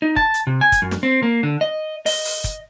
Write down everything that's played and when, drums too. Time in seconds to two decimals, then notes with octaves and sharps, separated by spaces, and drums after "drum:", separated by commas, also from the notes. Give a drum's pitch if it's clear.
0.02 D#4
0.16 A5, drum: kick
0.34 drum: hi-hat
0.47 C3
0.61 G#5
0.72 drum: kick, hi-hat
0.82 F#2
0.91 drum: snare
1.03 C4
1.23 A#3
1.43 D3
1.61 D#5
2.06 D#5, drum: open hi-hat
2.25 drum: open hi-hat
2.44 drum: kick, hi-hat